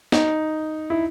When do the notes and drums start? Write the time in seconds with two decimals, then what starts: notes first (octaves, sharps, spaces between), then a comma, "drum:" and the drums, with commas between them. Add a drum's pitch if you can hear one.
0.12 D#4, drum: snare
0.90 E4